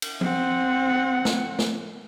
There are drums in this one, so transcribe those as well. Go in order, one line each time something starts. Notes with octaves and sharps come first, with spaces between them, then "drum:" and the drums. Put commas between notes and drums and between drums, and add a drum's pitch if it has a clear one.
drum: cymbal
C4 F#5, drum: tom F3
drum: snare
drum: snare